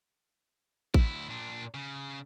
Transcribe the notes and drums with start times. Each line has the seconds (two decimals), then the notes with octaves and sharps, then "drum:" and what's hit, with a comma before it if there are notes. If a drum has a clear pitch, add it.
0.94 D2 E4, drum: kick A1
1.30 A#2 D4
1.74 C#3